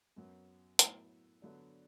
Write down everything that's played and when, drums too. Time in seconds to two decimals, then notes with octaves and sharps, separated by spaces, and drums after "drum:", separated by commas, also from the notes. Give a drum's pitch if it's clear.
0.16 F#2 F#3 B3
0.79 A2 F#3 B3 E4, drum: hi-hat
1.42 D3 F#3 B3 D4